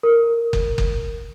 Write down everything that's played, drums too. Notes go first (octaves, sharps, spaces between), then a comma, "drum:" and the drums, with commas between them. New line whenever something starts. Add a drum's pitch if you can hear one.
A#4
drum: kick F#1
drum: kick F#1